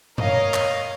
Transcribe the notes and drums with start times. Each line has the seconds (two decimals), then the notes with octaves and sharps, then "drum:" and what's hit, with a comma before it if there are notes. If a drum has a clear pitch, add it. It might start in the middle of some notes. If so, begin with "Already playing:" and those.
0.18 A#4 C#5 D#5 F5, drum: tom F#2
0.54 drum: clap